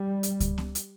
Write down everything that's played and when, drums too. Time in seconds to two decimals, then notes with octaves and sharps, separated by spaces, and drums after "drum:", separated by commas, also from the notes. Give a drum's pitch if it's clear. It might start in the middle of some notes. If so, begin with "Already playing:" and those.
Already playing: G3
0.23 drum: hi-hat
0.40 drum: kick C#2, hi-hat
0.58 drum: snare B3
0.75 drum: hi-hat